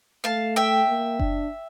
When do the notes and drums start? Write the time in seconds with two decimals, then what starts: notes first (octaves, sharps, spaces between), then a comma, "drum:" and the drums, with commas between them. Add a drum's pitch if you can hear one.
0.24 A3 F5 A5
0.56 E5 G5
0.88 A#3
1.20 D4, drum: kick F#1